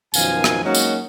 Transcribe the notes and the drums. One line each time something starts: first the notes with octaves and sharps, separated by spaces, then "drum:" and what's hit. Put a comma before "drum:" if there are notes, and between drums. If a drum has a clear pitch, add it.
F#2 B2 D#3 F3 F5 G#5, drum: tambourine
drum: rim click
F#3 G#3 A#3 C#4 D#4 F#4
drum: tambourine